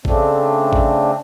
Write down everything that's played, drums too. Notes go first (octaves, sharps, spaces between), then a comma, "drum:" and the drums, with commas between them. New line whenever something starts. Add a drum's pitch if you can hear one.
C#3 A3 C4 D4, drum: kick A1
drum: kick A1